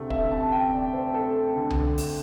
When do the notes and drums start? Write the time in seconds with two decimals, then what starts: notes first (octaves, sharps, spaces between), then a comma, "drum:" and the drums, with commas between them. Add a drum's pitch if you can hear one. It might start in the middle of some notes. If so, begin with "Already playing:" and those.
Already playing: D2 C3 A3
0.10 E5, drum: kick
0.31 A5
0.52 G5
0.73 D5
0.93 C5
1.14 A4
1.56 D2 D3 A3
1.70 drum: tom C2
1.98 drum: open hi-hat